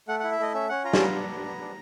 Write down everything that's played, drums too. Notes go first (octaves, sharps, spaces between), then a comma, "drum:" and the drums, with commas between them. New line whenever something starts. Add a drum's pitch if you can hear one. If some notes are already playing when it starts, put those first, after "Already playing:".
A3 F#5
E4 F#5
E5
A3 D#5
C#4 E5
C#4 F#5
F4 A#5
A5, drum: snare
B3 A#5
D4
B3
B3
D4